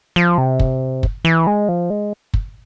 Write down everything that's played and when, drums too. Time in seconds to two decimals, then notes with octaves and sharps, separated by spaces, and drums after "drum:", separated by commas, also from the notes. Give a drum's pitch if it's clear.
0.16 F3
0.38 C3
0.59 drum: kick
1.03 drum: kick
1.25 E3
1.47 G#3
1.69 F3
1.90 G#3
2.34 drum: kick